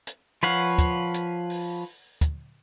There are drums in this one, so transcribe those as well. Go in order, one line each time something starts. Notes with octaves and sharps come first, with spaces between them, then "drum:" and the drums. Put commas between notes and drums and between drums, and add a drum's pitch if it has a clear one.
drum: hi-hat
F3 B4 C#5 F5 F#5
drum: kick, hi-hat
drum: hi-hat
drum: open hi-hat
drum: kick, hi-hat